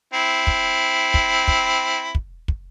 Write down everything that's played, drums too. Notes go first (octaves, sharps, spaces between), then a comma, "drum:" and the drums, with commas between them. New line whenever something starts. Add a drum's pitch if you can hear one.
C4 E4
drum: kick
drum: kick
drum: kick
drum: kick
drum: kick